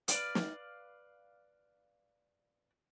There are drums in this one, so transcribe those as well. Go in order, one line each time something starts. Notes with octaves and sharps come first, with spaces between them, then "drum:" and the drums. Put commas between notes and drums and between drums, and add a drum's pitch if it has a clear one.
B4 D5 F5, drum: hi-hat
drum: snare